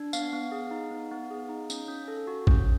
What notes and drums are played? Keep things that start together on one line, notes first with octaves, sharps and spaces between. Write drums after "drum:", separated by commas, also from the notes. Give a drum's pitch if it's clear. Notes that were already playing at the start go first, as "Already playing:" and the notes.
Already playing: D4
B3 F5, drum: tambourine
B3
G#4
D#4
B3
B3
G#4
D#4
C#4, drum: tambourine
C#4
A4
F#4
C#4, drum: kick G#1